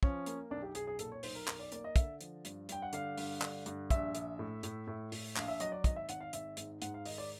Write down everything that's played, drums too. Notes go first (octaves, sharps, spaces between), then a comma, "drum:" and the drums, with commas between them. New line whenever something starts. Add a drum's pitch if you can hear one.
F3 C#4, drum: kick
A#3, drum: hi-hat
B1 D4
G4
B1 G#4, drum: hi-hat
G#4
A#2 A4, drum: hi-hat
C#5
B1 C5, drum: open hi-hat
A#4
B1 A#4, drum: clap
D5
A#3 D5, drum: hi-hat
D#5
D3 E5, drum: kick, hi-hat
F3, drum: hi-hat
G2, drum: hi-hat
G2 G5, drum: hi-hat
F#5
D3 F5, drum: hi-hat
G2, drum: open hi-hat
D3, drum: clap
G2, drum: hi-hat
A#1 E5, drum: kick, hi-hat
A#1, drum: hi-hat
A2
A2, drum: hi-hat
A2
A2, drum: open hi-hat
A#1 F5, drum: clap
E5
F#3 D#5, drum: hi-hat
D5
G#1 D#5, drum: kick, hi-hat
E5
G#1 F#5, drum: hi-hat
F5
G#1 E5, drum: hi-hat
G#2, drum: hi-hat
G#2 F#5, drum: hi-hat
F5
D#3 D#5, drum: open hi-hat
D5